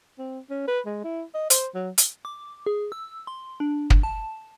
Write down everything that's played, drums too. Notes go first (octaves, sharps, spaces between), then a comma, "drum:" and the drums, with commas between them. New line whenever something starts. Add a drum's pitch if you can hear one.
C4
C#4
B4
G#3
E4
D#5
C5, drum: hi-hat
F#3
drum: hi-hat
D6
G#4
E6
C6
D4
drum: kick
A5